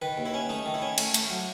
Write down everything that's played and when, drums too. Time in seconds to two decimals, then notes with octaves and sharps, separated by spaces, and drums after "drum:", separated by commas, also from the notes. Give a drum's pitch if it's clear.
0.02 D#3 B4
0.18 D#2
0.26 E4
0.34 C#4
0.49 A3 D#4
0.66 D#3
0.74 E4
0.82 C#4
0.98 A3, drum: cymbal
1.14 A3, drum: hi-hat
1.30 F#3